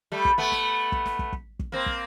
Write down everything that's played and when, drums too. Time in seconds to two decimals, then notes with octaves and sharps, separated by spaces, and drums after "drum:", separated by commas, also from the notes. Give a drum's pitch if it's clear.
0.12 G3 A3
0.25 drum: kick
0.38 A3 B3
0.52 drum: snare
0.92 drum: kick
1.06 drum: snare
1.19 drum: kick
1.33 drum: kick
1.59 drum: kick
1.72 A#3 C4
1.86 drum: kick